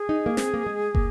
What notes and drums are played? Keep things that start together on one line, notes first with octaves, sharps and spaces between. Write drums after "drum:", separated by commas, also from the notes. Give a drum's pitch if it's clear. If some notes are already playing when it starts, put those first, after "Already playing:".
Already playing: G#4
D#4
A#3
C4, drum: snare
A#3
G#3
A#3, drum: kick